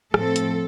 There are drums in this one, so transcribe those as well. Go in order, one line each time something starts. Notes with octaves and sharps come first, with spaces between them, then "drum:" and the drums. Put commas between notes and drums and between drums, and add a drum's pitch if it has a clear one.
A2 F3 C4 A4, drum: rim click
drum: hi-hat